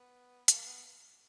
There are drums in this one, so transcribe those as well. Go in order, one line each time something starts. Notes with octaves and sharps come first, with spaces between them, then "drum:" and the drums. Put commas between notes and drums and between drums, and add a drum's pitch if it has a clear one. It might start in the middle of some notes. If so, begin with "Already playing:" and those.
Already playing: B3
A#3, drum: hi-hat
B3